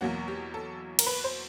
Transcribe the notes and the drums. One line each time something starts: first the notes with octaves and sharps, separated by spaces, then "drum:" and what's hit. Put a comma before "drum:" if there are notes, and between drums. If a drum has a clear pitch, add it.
E2 B2 F#3 A#3 F#4
G4
A4
A#4, drum: cymbal
B4
C5